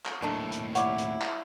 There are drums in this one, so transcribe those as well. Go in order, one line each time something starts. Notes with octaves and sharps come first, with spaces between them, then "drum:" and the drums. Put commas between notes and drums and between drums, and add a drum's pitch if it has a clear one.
drum: clap
D#2 A2 A3 D4 D#4
drum: hi-hat
G3 E4 C#5 F#5 D6, drum: hi-hat
drum: hi-hat
drum: clap